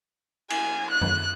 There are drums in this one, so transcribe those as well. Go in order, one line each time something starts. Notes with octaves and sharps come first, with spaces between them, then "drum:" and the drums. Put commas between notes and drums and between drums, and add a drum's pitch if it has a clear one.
G#5, drum: cymbal
F#6
drum: tom F#2